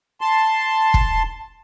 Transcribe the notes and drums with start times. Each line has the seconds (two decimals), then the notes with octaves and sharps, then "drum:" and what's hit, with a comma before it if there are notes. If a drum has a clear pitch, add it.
0.21 A5 C6
0.94 drum: kick